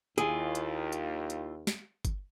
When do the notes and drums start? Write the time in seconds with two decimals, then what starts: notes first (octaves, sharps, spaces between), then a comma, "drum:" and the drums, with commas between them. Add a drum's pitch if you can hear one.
0.18 D#2 E4 F4 G#4, drum: hi-hat
0.55 drum: hi-hat
0.92 drum: hi-hat
1.30 drum: hi-hat
1.67 drum: snare
2.05 drum: kick G1, hi-hat